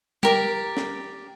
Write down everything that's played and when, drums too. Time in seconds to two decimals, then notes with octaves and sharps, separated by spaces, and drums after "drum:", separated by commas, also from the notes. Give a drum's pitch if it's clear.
0.23 G4 A#4 D5, drum: tom G3
0.77 drum: snare